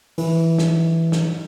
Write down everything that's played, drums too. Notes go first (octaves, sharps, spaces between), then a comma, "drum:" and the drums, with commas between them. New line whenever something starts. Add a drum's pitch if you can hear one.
E3, drum: open hi-hat
drum: snare
drum: snare